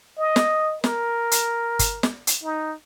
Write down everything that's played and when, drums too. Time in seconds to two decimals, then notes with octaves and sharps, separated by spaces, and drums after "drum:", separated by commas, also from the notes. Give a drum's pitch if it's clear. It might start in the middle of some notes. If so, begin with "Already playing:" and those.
0.18 D#5
0.36 drum: snare
0.84 A#4, drum: snare
1.31 drum: hi-hat
1.79 drum: kick G1, hi-hat
2.03 drum: snare
2.27 drum: hi-hat
2.43 D#4